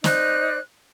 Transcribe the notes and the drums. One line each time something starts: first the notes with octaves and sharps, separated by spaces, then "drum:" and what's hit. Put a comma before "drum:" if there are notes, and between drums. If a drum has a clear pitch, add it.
D#4 C5 D5 F#6, drum: snare